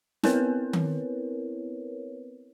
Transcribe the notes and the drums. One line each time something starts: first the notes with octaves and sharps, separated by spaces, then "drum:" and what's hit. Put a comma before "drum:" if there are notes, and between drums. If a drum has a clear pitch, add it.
B3 C4 E4 A#4 B4 C#5, drum: snare
drum: tom D#3